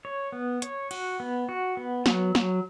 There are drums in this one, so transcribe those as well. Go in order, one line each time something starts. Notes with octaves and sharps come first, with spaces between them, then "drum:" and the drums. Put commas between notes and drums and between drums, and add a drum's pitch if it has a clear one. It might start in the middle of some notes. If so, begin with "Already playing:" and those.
C#5
B3
C#5, drum: hi-hat
F#4, drum: cymbal
B3
F#4
B3
F#3, drum: snare
F#3, drum: snare